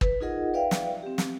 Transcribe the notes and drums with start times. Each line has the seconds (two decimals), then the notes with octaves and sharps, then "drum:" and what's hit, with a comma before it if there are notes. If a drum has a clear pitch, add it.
0.01 B4, drum: kick
0.21 D#4 F4 G#4 A#4 D#5 F#5
0.54 B4 D5 E5 F5 G5
0.71 drum: snare
1.02 C4 G4
1.18 drum: snare